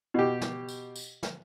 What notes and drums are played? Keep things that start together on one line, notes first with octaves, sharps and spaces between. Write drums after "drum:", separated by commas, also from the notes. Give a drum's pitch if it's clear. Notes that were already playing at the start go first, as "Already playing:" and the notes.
B2 G4
drum: snare
drum: tambourine
drum: tambourine
drum: snare